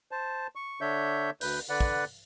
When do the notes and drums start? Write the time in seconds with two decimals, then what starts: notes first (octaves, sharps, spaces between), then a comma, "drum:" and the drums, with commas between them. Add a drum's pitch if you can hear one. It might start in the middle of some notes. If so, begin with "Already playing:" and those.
0.11 C5 A5
0.55 C#6
0.81 D3 D4 C#5 E5 G6
1.41 D2 B4 G6, drum: open hi-hat
1.69 D3 B4 D5 F#5
1.80 drum: kick